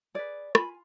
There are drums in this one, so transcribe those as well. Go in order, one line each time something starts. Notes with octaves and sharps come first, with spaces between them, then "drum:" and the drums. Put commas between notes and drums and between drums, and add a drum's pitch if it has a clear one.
G#4 B4 D5
F4 G#5 B5, drum: rim click